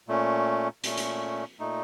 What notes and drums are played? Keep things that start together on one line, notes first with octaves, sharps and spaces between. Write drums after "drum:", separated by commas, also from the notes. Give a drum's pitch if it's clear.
A#2 A3 C#4
A#2 A3 C#4, drum: hi-hat
drum: hi-hat
A#2 A3 D#4